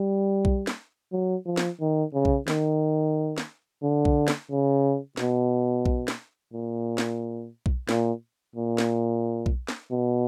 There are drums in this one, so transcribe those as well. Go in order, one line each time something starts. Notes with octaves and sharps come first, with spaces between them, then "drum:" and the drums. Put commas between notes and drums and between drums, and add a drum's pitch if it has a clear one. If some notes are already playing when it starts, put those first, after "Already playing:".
Already playing: G3
drum: kick B1
drum: snare
F#3
F3
drum: snare
D#3
C#3
drum: kick B1
D#3, drum: snare
drum: snare
D3
drum: kick B1
drum: snare
C#3
B2, drum: snare
drum: kick B1
drum: snare
A#2
drum: snare
drum: kick B1
A#2, drum: snare
A#2
drum: snare
drum: kick B1
drum: snare
B2